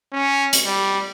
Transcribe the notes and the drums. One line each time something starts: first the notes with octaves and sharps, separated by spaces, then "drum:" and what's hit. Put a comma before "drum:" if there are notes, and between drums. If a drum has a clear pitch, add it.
C#4
drum: hi-hat
G3